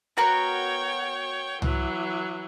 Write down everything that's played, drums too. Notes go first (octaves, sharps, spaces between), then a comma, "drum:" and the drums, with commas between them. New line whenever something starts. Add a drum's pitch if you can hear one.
B3 F#4 A#4 C#5 G5
E3 F#3, drum: tom